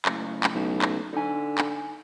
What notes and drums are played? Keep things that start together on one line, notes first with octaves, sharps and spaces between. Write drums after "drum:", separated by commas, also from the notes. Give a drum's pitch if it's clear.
F#2 A2 C#3, drum: clap
drum: clap
B1
drum: clap
D3 D#4 G#5
drum: clap